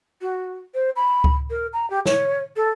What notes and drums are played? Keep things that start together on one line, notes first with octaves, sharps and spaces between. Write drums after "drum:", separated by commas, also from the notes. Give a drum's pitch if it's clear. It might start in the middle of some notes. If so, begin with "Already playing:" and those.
F#4
C5
B5
drum: kick C#2
A#4
A#5
G4
C#5, drum: snare
A4